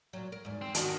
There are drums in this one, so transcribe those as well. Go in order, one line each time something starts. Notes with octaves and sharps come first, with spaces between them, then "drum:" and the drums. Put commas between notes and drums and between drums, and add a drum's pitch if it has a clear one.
A#2 F#3
A#4
E2 G#2
C4
D#3 B3 D4 F#4, drum: hi-hat